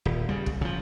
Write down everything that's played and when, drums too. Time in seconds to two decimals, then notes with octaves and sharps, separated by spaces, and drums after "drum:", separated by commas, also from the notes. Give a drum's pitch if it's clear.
0.05 D#1
0.29 C#3 G3
0.46 drum: kick
0.61 C#3 F3